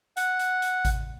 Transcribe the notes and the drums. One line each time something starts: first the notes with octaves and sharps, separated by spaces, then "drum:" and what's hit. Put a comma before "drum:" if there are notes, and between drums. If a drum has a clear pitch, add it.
F#5, drum: hi-hat
drum: hi-hat
drum: hi-hat
drum: kick G#1, hi-hat